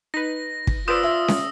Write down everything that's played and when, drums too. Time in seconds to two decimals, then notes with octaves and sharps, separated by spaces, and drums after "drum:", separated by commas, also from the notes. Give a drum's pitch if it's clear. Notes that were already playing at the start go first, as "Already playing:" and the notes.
0.14 D#4 B4 A#6
0.67 drum: kick
0.88 F4 B4 C5 D5 D#6 E6 E7
1.03 E5
1.28 drum: snare C#4